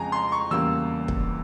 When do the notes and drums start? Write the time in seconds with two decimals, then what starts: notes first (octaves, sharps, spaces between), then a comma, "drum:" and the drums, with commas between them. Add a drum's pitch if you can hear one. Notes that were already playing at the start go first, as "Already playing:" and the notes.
Already playing: F2 C#3 F3 G#3 G#5 A#5
0.12 C6
0.32 C#6
0.51 E2 C#3 G3 A#3 E6
1.08 drum: kick